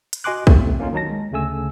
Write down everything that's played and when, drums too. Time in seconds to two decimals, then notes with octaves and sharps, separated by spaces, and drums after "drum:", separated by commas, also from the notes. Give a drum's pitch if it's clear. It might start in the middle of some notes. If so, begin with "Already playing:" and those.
0.13 drum: hi-hat
0.24 F#4 D#5 G#5 C6 D6 F#6
0.47 D#2 C3 A3 A#3 C4, drum: kick B1
0.79 A#3 C#4 D#4 F4
0.93 D#3 F#3 D#4 A5 A#6
1.10 G#3
1.31 D2 C#3 A3 G#5 E6